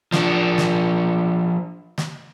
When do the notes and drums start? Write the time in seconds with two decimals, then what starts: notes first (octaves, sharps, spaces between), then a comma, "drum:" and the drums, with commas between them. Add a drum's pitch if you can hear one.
0.12 F3 D4, drum: snare
0.58 drum: snare
1.98 drum: snare